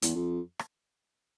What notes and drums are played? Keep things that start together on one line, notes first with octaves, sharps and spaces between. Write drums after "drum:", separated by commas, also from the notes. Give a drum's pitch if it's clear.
E2, drum: hi-hat
F2
drum: rim click